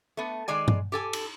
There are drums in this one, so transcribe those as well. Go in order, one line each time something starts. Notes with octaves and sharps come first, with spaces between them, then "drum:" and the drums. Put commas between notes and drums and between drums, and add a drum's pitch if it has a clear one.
A3 B3
D#3 G#3 D5 G#5
drum: tom G2
G4 A4 G#5
drum: cymbal